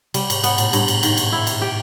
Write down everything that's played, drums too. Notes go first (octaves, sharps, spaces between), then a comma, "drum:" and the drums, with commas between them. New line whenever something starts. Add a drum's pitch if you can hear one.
C3 G3, drum: cymbal
G#2, drum: cymbal
G#2 B3, drum: cymbal
A2, drum: cymbal
G2, drum: cymbal
drum: cymbal
D#3, drum: cymbal
drum: cymbal
E4
drum: cymbal
G4